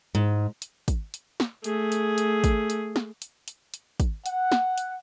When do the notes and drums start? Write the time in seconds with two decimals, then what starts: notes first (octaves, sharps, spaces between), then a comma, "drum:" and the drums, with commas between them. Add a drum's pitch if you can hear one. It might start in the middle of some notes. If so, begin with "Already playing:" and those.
0.15 G#2
0.62 drum: hi-hat
0.88 drum: kick, hi-hat
1.14 drum: hi-hat
1.40 drum: snare
1.64 A3 G#4, drum: hi-hat
1.92 drum: hi-hat
2.18 drum: hi-hat
2.44 drum: kick, hi-hat
2.70 drum: hi-hat
2.96 drum: snare
3.22 drum: hi-hat
3.48 drum: hi-hat
3.74 drum: hi-hat
4.00 drum: kick, hi-hat
4.26 F#5, drum: hi-hat
4.52 drum: snare
4.78 drum: hi-hat